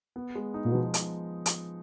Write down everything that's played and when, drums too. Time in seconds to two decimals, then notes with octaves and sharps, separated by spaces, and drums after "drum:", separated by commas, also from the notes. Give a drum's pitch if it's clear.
0.16 B3
0.35 G#3
0.54 D#4
0.65 A#2
0.72 B2 F3
0.94 drum: hi-hat
1.46 drum: hi-hat